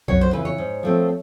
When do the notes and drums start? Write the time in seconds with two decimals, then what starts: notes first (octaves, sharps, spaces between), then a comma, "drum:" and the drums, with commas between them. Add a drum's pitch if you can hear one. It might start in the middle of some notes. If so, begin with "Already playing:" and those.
0.08 F#2 C#5, drum: kick B1
0.21 C5
0.33 C#3 E3 B4
0.45 C#5
0.58 G#2
0.83 F3 A3 C4